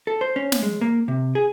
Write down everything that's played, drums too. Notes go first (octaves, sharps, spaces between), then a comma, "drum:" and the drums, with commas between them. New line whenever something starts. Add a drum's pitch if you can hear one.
A4
C5
C#4
drum: snare
G#3
A#3
C3
G#4